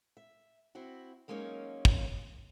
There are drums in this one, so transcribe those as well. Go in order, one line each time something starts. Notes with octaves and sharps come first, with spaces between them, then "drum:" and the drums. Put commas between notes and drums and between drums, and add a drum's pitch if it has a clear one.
E5
C4 E4 F#4
F#3 G#3 A#3 C#4 D#4 C#5
drum: kick